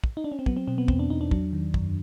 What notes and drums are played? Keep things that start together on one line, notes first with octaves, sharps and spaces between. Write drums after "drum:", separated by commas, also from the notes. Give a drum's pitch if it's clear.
drum: kick
D#4
D4
C#4
C4
F#3 B3, drum: kick
C4
B2 C4
B3
E2 C4, drum: kick
D4
E2 D#4
D4
F#3 D4, drum: kick
D#3
F#2, drum: kick